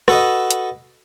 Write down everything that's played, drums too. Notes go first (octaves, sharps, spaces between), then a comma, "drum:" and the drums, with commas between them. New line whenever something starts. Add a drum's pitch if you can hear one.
F#4 A4 B4 D#5, drum: rim click
drum: hi-hat